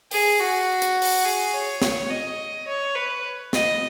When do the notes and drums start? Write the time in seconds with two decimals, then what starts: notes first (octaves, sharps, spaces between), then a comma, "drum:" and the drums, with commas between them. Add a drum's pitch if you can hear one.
0.11 G#4, drum: open hi-hat
0.40 F#4
0.82 drum: hi-hat
1.02 drum: open hi-hat
1.25 G#4
1.53 C#5
1.82 C#5, drum: snare
2.10 D#5
2.67 C#5
2.95 B4
3.53 D#5, drum: snare